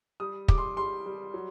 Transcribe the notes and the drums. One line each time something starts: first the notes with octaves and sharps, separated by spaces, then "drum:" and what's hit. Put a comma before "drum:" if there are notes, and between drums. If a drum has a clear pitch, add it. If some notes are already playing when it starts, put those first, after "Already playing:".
G3 D#6
G3 D6, drum: kick
C6
G3 C6
G3
F#3